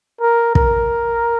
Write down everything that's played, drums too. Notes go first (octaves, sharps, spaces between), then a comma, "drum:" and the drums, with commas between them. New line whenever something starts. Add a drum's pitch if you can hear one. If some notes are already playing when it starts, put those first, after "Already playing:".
A#4
A#4, drum: kick